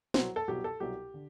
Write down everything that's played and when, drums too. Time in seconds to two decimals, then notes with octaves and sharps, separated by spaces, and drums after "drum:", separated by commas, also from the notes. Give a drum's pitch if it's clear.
0.14 C2 B2 F#3 C5, drum: snare
0.36 A4
0.48 C2 B2 F#3 G4
0.64 A4
0.80 C2 B2 F#3 G4
1.14 D3